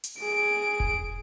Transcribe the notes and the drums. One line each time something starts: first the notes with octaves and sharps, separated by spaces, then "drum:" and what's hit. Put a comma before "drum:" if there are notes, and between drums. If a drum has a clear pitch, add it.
drum: hi-hat
G#4 D7
drum: kick E1